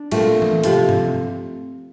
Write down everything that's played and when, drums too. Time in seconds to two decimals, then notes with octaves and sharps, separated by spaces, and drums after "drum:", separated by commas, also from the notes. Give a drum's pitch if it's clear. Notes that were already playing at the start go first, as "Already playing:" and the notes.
Already playing: D4
0.11 A#2 A3 C4, drum: cymbal
0.42 drum: tom E3
0.64 C3 F3 C4, drum: hi-hat
0.89 drum: tom G2